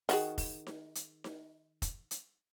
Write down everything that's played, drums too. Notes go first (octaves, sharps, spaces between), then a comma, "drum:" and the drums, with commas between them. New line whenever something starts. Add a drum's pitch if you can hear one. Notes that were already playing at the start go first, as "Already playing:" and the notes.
D#3 F#4 G#4, drum: open hi-hat
drum: kick F1, open hi-hat
drum: snare D#4
drum: hi-hat
drum: snare D#4
drum: kick F1, hi-hat
drum: hi-hat